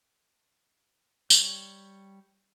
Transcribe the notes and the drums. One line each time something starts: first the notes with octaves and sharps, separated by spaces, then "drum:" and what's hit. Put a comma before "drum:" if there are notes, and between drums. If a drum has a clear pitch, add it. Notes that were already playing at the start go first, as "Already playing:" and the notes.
G3 C#5, drum: tambourine